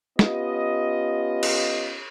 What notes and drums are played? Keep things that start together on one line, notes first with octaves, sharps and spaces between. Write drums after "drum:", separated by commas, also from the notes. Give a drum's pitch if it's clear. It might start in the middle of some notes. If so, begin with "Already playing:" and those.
B3 C#4 F4 G4 D#5, drum: snare
drum: cymbal